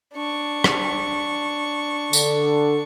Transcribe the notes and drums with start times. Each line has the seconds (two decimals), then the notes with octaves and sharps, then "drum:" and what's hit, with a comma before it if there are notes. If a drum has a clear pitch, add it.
0.14 D4 C#6
0.64 drum: rim click
2.13 D3, drum: tambourine